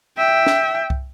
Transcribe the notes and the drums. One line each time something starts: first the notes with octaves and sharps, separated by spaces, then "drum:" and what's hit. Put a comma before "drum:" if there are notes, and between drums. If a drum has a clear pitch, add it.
E5 G5
drum: snare
drum: kick C2